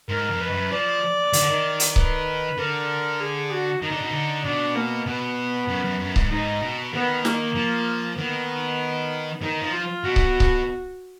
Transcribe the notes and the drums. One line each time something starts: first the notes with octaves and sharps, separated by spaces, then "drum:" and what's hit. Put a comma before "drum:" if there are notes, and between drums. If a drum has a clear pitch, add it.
G#2 A#4
F2
B4
F#2
F3 D5
D#3, drum: hi-hat
D3
D#3
drum: hi-hat
B4, drum: kick C#1
D3 A#4
G#4
F#4
D#3 D#4
D3
B2
D3
B2 D4
A#3
B2 B3
F#2
F#2
F#2
G#2, drum: kick C#1
G#2 D#4
B2
D#3 B3
A#3, drum: snare
F3
D#3 B3
D#3 D#4
F3
F4
B2 F#4
drum: kick C#1
drum: kick C#1